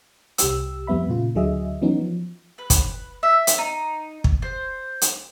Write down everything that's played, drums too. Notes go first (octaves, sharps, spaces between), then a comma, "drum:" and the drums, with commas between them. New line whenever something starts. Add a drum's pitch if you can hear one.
C2 G4 E6, drum: hi-hat
F2 G3 B3 E5 B5
A#2 C#3 F4
D2 D3 F#3 G#4 D#5 E5
E3 F#3 B3 C#4 D#4
F3
B4
drum: kick, hi-hat
E5
drum: hi-hat
D#4
drum: kick
C5
drum: hi-hat